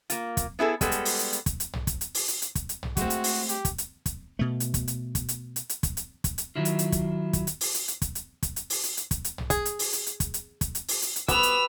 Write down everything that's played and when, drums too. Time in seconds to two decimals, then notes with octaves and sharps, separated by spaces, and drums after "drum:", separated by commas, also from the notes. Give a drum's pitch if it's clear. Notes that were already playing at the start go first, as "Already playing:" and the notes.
0.10 A#3 F4, drum: hi-hat
0.37 drum: kick, hi-hat
0.59 B3 E4 G#4 A4
0.81 G3 G#3 B3 A4, drum: kick, hi-hat
0.92 drum: hi-hat
1.05 drum: open hi-hat
1.19 drum: hi-hat
1.33 drum: hi-hat
1.46 drum: kick, hi-hat
1.60 drum: hi-hat
1.74 drum: tom
1.87 drum: kick, hi-hat
2.01 drum: hi-hat
2.14 drum: open hi-hat
2.28 drum: hi-hat
2.42 drum: hi-hat
2.55 drum: kick, hi-hat
2.69 drum: hi-hat
2.83 drum: tom
2.97 G#3 A3 C4 F#4, drum: kick, hi-hat
3.10 drum: hi-hat
3.24 drum: open hi-hat
3.49 G4, drum: hi-hat
3.65 drum: kick, hi-hat
3.78 drum: hi-hat
4.06 drum: kick, hi-hat
4.39 B2 A3
4.60 drum: hi-hat
4.74 drum: kick, hi-hat
4.88 drum: hi-hat
5.15 drum: kick, hi-hat
5.29 drum: hi-hat
5.56 drum: hi-hat
5.69 drum: hi-hat
5.83 drum: kick, hi-hat
5.97 drum: hi-hat
6.24 drum: kick, hi-hat
6.38 drum: hi-hat
6.56 D#3 F#3 E4 F4
6.65 drum: hi-hat
6.79 drum: hi-hat
6.92 drum: kick, hi-hat
7.33 drum: kick, hi-hat
7.47 drum: hi-hat
7.61 drum: open hi-hat
7.74 drum: hi-hat
7.88 drum: hi-hat
8.02 drum: kick, hi-hat
8.15 drum: hi-hat
8.43 drum: kick, hi-hat
8.56 drum: hi-hat
8.70 drum: open hi-hat
8.84 drum: hi-hat
8.97 drum: hi-hat
9.11 drum: kick, hi-hat
9.25 drum: hi-hat
9.38 drum: tom
9.50 G#4, drum: kick, hi-hat
9.65 drum: hi-hat
9.79 drum: open hi-hat
9.93 drum: hi-hat
10.06 drum: hi-hat
10.20 drum: kick, hi-hat
10.34 drum: hi-hat
10.61 drum: kick, hi-hat
10.75 drum: hi-hat
10.88 drum: open hi-hat
11.02 drum: hi-hat
11.16 drum: hi-hat
11.28 B3 G4 B4 E6 F7, drum: kick, hi-hat
11.43 drum: hi-hat